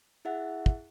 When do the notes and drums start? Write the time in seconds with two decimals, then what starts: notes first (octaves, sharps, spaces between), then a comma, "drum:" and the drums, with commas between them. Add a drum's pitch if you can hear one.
0.25 E4 G#4 E5 F#5
0.66 drum: kick